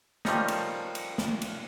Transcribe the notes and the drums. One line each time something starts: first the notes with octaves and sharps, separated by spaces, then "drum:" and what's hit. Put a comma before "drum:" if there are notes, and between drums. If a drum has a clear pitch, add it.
D#3 F3 G3 A3 C#4 D#4, drum: snare
drum: cymbal
drum: cymbal
drum: snare
drum: cymbal